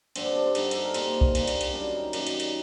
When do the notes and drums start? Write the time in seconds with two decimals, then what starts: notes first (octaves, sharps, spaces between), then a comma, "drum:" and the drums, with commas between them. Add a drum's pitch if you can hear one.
0.16 G2 D3 G3 C4, drum: cymbal
0.25 D4
0.36 D4
0.46 C4
0.55 G2 D3 G3 D#4, drum: cymbal
0.71 G4 A4, drum: cymbal
0.85 A#4
0.94 A#2 G3 A#3 C5, drum: cymbal
1.21 drum: kick B1
1.35 A#2 G3 A#3, drum: cymbal
1.47 drum: cymbal
1.61 drum: cymbal
1.73 F#2 D#3 G3 D4
1.94 D#4
2.13 F#2 D#3 G3, drum: cymbal
2.27 drum: cymbal
2.40 drum: cymbal